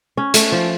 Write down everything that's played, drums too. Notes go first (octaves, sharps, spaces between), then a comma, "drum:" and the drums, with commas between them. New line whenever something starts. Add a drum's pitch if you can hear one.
C#4
A3, drum: hi-hat
F3